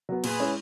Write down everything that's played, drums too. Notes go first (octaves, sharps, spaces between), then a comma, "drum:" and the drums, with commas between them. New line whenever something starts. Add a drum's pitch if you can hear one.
F#3 B3
A#2 G#4 B4, drum: cymbal
G#3 C#4 E4